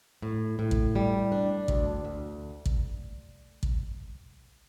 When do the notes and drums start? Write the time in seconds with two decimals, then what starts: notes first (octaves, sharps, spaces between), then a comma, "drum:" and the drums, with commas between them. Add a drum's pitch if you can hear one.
0.22 A2
0.59 A2
0.71 drum: kick
0.96 G3
1.32 D4
1.68 D2, drum: kick
2.05 D2
2.66 drum: kick
3.63 drum: kick